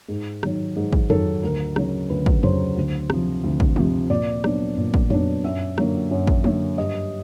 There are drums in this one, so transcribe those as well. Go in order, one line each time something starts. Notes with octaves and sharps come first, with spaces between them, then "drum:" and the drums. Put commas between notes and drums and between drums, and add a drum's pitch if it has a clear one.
G#2
D#3 F#3, drum: rim click
G#2
drum: kick
D#3 F#3 A4, drum: tom F2
D2 A#4
C#3 F#3, drum: rim click
D2 B4
drum: kick
C#3 F#3 C5, drum: tom F2
D2
C3 F3, drum: rim click
D2
drum: kick
C3 F3, drum: tom G#3
A#2 D5
F#3 B3 D4, drum: rim click
A#2
drum: kick
F#3 B3 D4, drum: tom F2
F#2 E5
D3 F#3 A#3, drum: rim click
F#2
drum: kick
D3 F#3 A#3, drum: tom G#3
G2 D#5